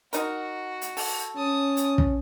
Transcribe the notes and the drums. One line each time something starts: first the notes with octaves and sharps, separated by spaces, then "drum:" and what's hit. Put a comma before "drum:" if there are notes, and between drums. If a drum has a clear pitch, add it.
D#4 F#4 A#4, drum: hi-hat
drum: hi-hat
A4, drum: open hi-hat
C#4 A5 D#6
drum: hi-hat
drum: kick